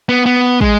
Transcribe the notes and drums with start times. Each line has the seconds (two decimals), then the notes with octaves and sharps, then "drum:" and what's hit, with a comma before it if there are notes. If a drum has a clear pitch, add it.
0.09 B3
0.26 B3
0.61 G#3, drum: kick